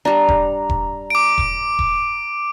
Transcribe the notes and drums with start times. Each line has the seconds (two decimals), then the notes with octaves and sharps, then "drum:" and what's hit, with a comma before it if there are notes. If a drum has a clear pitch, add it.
0.05 G3 D4 A#5
0.29 drum: kick E1
0.69 drum: kick E1
1.10 D6 D7
1.38 drum: kick E1
1.79 drum: kick E1